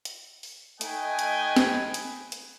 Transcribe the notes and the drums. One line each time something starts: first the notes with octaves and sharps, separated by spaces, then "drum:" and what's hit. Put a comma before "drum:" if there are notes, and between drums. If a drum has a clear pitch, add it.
drum: hi-hat
drum: open hi-hat
A3 D#4 B4 D#5 G5 G#5, drum: hi-hat
drum: hi-hat
drum: snare
drum: hi-hat
drum: hi-hat